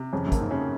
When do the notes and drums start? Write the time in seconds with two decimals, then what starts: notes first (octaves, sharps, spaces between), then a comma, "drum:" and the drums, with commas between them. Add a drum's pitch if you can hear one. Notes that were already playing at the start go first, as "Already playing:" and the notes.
Already playing: C3
0.12 F2 C#3
0.26 F#2
0.32 A#3, drum: kick, hi-hat
0.41 G#2
0.51 C#3